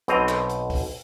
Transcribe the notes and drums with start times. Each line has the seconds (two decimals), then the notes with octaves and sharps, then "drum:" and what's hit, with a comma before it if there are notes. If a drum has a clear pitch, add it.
0.08 B1 B2 C4 D#5 A#5, drum: hi-hat
0.29 drum: clap
0.49 drum: hi-hat
0.70 drum: kick, open hi-hat